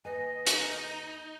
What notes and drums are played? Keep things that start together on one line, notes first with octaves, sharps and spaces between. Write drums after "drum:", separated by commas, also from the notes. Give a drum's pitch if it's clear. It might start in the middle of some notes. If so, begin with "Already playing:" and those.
D#2 B4 D#5 G#5
D#4, drum: hi-hat